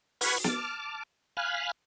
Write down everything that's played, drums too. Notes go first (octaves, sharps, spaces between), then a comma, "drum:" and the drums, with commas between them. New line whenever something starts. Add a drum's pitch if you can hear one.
B4 F#5 B5 C#6 F6 G#6, drum: open hi-hat
A5 D6 F6, drum: snare
F5 G#5 B5 F6 F#6